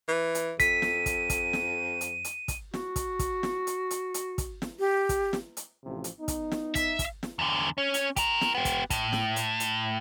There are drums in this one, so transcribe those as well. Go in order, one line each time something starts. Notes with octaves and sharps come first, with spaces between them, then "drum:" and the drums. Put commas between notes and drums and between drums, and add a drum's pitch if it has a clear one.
E3
drum: hi-hat
F2 B6 D#7, drum: kick, hi-hat
drum: snare
drum: kick, hi-hat
drum: kick, hi-hat
drum: snare
drum: hi-hat
drum: hi-hat
drum: kick, hi-hat
F#4, drum: snare
drum: kick, hi-hat
drum: kick, hi-hat
drum: snare
drum: hi-hat
drum: hi-hat
drum: hi-hat
drum: kick, hi-hat
drum: snare
G4
drum: kick, hi-hat
drum: snare
drum: hi-hat
A1 C3 F3
drum: hi-hat
B3 D#4
drum: kick, hi-hat
drum: snare
E5, drum: kick, hi-hat
drum: kick, hi-hat
drum: snare
E2 D3
C#4
drum: hi-hat
G4 A#4, drum: kick, hi-hat
drum: snare
B3 G4
drum: kick, hi-hat
A2, drum: kick, hi-hat
drum: snare
drum: hi-hat
drum: hi-hat